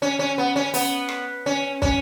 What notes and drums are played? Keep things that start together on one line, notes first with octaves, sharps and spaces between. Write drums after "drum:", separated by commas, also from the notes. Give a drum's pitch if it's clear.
C#4
C#4
B3
C#4
B3, drum: open hi-hat
drum: rim click
C#4
C#4, drum: kick